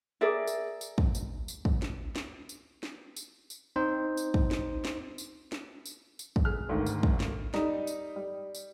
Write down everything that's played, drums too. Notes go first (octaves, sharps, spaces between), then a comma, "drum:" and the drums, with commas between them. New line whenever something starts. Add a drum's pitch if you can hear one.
G#4 A#4 D5 E5
drum: tambourine
drum: tambourine
drum: kick
drum: tambourine
drum: tambourine
drum: kick
drum: snare
drum: snare
drum: tambourine
drum: snare
drum: tambourine
drum: tambourine
C4 D#4 C5
drum: tambourine
drum: kick
drum: snare
drum: snare
drum: tambourine
drum: snare
drum: tambourine
drum: tambourine
drum: kick
G#4 F6
G#1 D2 G#2 D#3
drum: tambourine
drum: kick
drum: snare
G3 D#4, drum: snare
drum: tambourine
G3
drum: tambourine